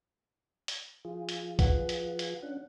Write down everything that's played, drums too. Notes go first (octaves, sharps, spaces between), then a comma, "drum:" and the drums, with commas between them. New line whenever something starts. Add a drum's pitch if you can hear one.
drum: hi-hat
F3 F4 G#4
drum: hi-hat
B4 F#5, drum: kick A#1, hi-hat
drum: hi-hat
drum: hi-hat
C#4 D4 F#5